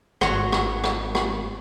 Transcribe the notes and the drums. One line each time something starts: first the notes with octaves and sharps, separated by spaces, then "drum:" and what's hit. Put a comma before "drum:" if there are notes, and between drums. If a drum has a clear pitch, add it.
G#1 F#4 C#5, drum: rim click
drum: rim click
drum: rim click
drum: rim click